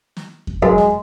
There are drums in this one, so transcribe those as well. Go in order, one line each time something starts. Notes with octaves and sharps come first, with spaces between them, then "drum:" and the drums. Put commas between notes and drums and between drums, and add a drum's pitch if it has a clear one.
drum: snare
drum: kick
F#2 G#3, drum: kick
drum: snare